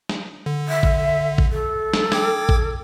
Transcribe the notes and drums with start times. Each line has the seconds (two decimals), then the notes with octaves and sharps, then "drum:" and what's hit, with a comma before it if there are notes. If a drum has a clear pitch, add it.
0.09 drum: snare
0.46 D3
0.68 E5
0.83 drum: kick A1
1.38 drum: kick A1
1.52 A4
1.94 drum: snare
2.12 G5 D6 G#6, drum: snare
2.49 drum: kick A1